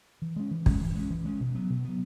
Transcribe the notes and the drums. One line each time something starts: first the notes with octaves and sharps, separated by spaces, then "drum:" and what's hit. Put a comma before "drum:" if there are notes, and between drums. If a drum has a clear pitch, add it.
E3
G#3 C#4
E3
G#3 C#4, drum: kick
E3
G#3 C#4
E3
G#3 C#4
B2
F#3 B3
B2
F#3 B3